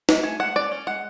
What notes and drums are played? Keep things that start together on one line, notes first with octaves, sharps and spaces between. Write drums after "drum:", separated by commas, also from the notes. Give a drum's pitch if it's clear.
F#3, drum: snare
A3 G#5
A3 F#5
C#4 D5
C#4
G#3 F#5